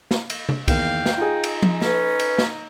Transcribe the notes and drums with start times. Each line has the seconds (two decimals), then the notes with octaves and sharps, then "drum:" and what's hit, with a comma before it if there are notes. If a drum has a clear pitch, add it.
0.11 drum: snare
0.30 drum: cymbal
0.49 drum: tom C3
0.68 E2 D#3 A#3 F5 G5, drum: kick C2, cymbal
1.06 drum: snare
1.17 D#4 F4 G#4
1.44 drum: cymbal
1.62 drum: tom F3
1.81 C#4 A4 B4, drum: snare
2.19 drum: cymbal
2.38 drum: snare